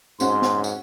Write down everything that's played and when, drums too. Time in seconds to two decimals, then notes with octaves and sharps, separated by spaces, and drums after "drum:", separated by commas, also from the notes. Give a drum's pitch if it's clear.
0.20 G#2 C4 C#4 F#4 C6, drum: tambourine
0.42 drum: snare
0.64 drum: tambourine